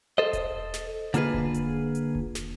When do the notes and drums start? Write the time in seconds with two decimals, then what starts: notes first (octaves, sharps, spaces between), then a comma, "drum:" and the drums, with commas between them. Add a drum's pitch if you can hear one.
0.18 A4 C5 D#5
0.33 drum: kick E1, hi-hat
0.74 drum: snare
1.14 D3 A#3 F4 G#4 B4, drum: hi-hat
1.34 drum: kick E1
1.54 drum: hi-hat
1.95 drum: hi-hat
2.15 drum: kick E1
2.35 drum: snare